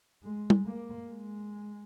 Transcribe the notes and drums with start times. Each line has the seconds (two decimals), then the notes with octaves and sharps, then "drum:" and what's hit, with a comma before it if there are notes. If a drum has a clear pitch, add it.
0.24 G#3
0.50 drum: tom
0.66 A#3
1.08 G#3